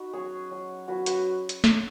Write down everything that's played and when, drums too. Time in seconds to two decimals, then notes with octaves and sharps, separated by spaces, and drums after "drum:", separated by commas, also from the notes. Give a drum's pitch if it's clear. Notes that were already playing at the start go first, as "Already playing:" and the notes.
Already playing: D#4 F#4 B4
0.13 F#3 C#4 G#4 C#5
0.51 F#3 C#4
0.88 F#3 C#4 F#4 B4
1.06 F#4 B4, drum: hi-hat
1.49 drum: hi-hat
1.64 drum: snare